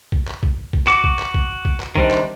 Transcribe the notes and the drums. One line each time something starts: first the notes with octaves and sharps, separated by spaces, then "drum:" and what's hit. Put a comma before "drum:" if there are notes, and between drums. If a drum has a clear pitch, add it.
drum: kick
drum: clap
drum: kick
drum: kick
F#4 D6, drum: clap
drum: kick
drum: clap
drum: kick
drum: kick
drum: clap
C3 D#3 G3 D4 D#4 C5, drum: kick
drum: clap